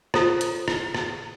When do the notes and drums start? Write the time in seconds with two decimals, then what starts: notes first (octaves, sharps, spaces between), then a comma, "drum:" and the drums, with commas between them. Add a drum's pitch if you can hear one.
0.14 F4 A4 C5 A#5, drum: rim click
0.41 drum: hi-hat
0.68 drum: rim click
0.95 drum: rim click